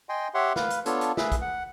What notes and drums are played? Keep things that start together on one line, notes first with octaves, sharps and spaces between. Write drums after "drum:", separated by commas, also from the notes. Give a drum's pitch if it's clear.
D#5 G5 G#5 C6
G4 C#5 E5 F#5 C6
B4 F5, drum: snare
drum: hi-hat
B3 D4 F4 A4 C#5, drum: hi-hat
drum: hi-hat
G#4 B4 E5, drum: snare
drum: kick, hi-hat
F#5